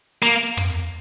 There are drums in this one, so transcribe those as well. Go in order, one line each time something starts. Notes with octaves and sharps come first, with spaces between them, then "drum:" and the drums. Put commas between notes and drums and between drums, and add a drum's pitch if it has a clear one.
A#3, drum: hi-hat
drum: tom